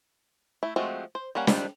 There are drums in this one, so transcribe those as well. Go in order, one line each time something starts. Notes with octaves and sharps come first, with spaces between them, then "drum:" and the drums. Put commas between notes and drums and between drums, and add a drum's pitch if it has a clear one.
A3 E4
F3 G#3 A3 C4 F#4
C5
G3 A#3 C#4 F#5
D#3 F3 G3 C4 D4, drum: snare